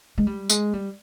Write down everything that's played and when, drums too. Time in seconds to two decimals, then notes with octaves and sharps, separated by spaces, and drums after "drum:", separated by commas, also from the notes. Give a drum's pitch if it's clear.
0.18 G#3
0.27 G3
0.50 G#3, drum: tambourine
0.73 G3